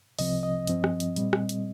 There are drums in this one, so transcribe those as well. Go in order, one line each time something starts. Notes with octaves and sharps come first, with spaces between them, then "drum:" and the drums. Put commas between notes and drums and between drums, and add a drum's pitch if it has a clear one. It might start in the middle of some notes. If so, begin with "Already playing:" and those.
C2 C3 F3 C4 D#5, drum: open hi-hat
D#5
G2 F3 C4, drum: hi-hat
drum: rim click
drum: hi-hat
A#2 G3 C4, drum: hi-hat
drum: rim click
drum: hi-hat